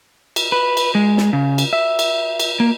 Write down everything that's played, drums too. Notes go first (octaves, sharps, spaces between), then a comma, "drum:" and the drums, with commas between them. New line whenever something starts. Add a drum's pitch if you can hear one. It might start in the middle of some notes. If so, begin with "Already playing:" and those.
drum: cymbal
B4
drum: cymbal
G#3
drum: snare
C#3
drum: cymbal
E5
drum: cymbal
drum: cymbal
A#3